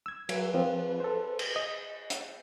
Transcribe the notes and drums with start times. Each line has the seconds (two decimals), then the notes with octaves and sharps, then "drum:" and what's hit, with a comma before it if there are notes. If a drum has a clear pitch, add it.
0.06 E6 G#6
0.29 F#3 B4, drum: cymbal
0.54 F3 C4 F4
1.00 A4 C5
1.39 drum: cymbal
1.56 D#5
2.10 drum: hi-hat